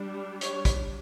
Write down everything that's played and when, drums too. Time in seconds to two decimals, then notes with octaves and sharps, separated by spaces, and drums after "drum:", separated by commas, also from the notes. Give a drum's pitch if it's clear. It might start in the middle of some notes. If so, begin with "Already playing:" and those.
Already playing: G3 D4
0.41 C#5, drum: hi-hat
0.65 drum: kick, hi-hat